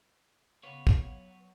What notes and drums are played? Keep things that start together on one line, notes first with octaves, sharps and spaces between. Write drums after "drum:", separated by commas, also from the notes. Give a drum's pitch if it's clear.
C#3 B3 B4 C#5 F5 F#5 B5
drum: kick
F#3